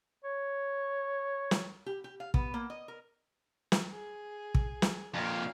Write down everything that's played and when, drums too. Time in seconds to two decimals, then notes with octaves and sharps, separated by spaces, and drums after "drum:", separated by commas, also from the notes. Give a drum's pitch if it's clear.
0.24 C#5
1.51 drum: snare
1.86 G4
2.04 G4
2.20 F5
2.34 B3, drum: kick
2.54 A#3
2.70 D#5
2.88 A#4
3.72 drum: snare
3.92 G#4
4.55 drum: kick
4.82 drum: snare
5.14 F2 A#2 F5